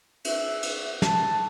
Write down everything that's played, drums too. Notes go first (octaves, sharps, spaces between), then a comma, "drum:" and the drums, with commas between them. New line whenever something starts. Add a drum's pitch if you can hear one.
E5, drum: cymbal
drum: cymbal
A5, drum: snare